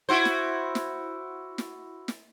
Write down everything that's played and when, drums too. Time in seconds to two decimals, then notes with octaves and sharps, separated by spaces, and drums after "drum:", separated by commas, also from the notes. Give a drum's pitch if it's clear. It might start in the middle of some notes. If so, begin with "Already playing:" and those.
0.09 E4 F#4 C5
0.25 drum: snare
0.75 drum: snare
1.58 drum: snare
2.08 drum: snare